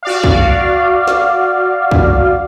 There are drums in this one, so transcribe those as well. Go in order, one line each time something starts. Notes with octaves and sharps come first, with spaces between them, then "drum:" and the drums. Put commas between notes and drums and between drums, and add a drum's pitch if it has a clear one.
F#4 D5 F5
drum: kick
drum: snare
drum: kick